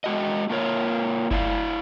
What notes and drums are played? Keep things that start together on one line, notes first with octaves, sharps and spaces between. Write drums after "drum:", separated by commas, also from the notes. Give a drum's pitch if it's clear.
G#3 F#4 D#5
A#3 F4 A#4 C#5
E4 D5 F5, drum: kick F#1